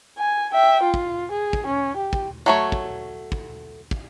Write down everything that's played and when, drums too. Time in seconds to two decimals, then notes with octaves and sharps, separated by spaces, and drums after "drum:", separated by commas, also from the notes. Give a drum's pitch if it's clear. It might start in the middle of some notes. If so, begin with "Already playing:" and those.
0.18 G#5
0.54 E5 G5
0.84 F4
0.94 drum: kick
1.32 G#4
1.53 drum: kick
1.67 C#4
1.97 G4
2.13 drum: kick
2.46 F#3 A3 C#5
2.72 drum: kick
3.32 drum: kick
3.91 drum: kick